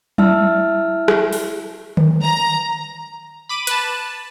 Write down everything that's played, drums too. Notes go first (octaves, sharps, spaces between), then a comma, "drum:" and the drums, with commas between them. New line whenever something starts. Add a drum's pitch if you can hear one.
E4 E5 A5 E6 F6, drum: tom F#3
drum: rim click
drum: open hi-hat
drum: tom D3
A#5
B5 D6 D#7
B4 A5, drum: hi-hat